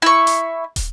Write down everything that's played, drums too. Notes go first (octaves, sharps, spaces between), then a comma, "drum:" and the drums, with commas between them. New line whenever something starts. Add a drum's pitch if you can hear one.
E4 C#6
drum: hi-hat
drum: kick, hi-hat